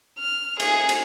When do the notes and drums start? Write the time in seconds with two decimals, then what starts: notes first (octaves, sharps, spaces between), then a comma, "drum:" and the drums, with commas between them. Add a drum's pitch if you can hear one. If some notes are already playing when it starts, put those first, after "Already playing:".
0.19 F6
0.60 G#4, drum: cymbal
0.89 drum: cymbal